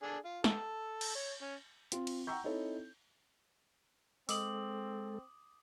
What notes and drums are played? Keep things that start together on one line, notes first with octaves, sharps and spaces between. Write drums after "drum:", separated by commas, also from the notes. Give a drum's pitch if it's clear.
D4 G#4 A4
F4
A4, drum: snare
drum: cymbal
C#5
C#4
C4 F4, drum: hi-hat
drum: cymbal
F#5 G5 A#5 C#6 E6 G6
C4 D#4 E4 A4 C#5
G#3 C4 A4 D6 D#6 F#7, drum: open hi-hat